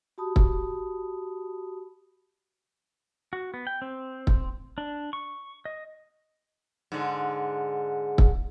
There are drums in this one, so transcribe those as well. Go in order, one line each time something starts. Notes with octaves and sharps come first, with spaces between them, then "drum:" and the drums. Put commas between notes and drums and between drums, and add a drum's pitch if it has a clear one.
F#4 G4 A5 B5 D#6
drum: kick
F#4
B3
G5
C4
drum: kick
D4
C#6
D#5
G#2 D3
drum: kick